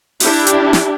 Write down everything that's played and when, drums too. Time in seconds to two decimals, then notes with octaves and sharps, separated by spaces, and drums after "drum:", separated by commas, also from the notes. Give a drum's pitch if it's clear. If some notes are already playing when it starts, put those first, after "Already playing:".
0.20 D4 E4 G4, drum: open hi-hat
0.47 drum: hi-hat
0.73 drum: snare